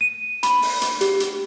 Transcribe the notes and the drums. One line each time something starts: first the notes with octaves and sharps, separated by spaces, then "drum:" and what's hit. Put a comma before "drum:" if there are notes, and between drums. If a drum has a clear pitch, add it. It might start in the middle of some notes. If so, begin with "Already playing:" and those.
D#7
B5, drum: hi-hat
drum: open hi-hat
drum: hi-hat
G4, drum: hi-hat
drum: hi-hat